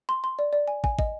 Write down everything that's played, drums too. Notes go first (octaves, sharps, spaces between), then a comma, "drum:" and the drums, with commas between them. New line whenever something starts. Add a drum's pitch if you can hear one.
C6
C6
D5
D5
G#5
G#5, drum: kick
D#5, drum: kick